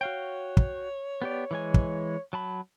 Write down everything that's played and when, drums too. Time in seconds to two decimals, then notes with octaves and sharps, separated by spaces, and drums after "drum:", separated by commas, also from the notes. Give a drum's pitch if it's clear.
0.01 F#4 C#5 F5 G5
0.57 drum: kick
1.22 B3 G4 D5
1.51 E3 G#3 G#5
1.74 drum: kick
2.33 F#3 A5 B5